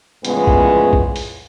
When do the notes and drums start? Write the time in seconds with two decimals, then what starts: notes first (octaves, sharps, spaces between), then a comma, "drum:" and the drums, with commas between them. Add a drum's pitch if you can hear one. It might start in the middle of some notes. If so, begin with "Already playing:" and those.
0.25 E2 A2 C#3 F3 G#3 B3, drum: hi-hat
0.47 drum: kick
0.93 drum: kick
1.16 drum: open hi-hat